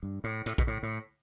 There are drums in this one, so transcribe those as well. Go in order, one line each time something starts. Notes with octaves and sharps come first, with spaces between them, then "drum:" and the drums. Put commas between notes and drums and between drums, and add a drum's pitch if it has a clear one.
G2
A2
A2, drum: hi-hat
B2, drum: kick A#1
A2
A2